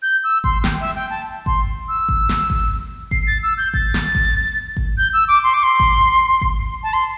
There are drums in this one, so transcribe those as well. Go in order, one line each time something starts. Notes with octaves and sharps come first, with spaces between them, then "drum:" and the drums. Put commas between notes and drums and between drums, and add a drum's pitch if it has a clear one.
G6
E6
C6, drum: kick G#1
G5, drum: snare
E5
G5
A5
C6, drum: kick G#1
E6
drum: kick G#1
drum: snare
drum: kick G#1
C7, drum: kick G#1
A6
E6
G6
A6, drum: kick G#1
drum: snare
drum: kick G#1
drum: kick G#1
G6
E6
D6
C6
D6
C6
drum: kick G#1
drum: kick G#1
A5
C6